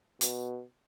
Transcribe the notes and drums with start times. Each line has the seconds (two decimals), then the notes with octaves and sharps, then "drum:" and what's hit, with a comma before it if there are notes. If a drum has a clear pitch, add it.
0.21 B2, drum: hi-hat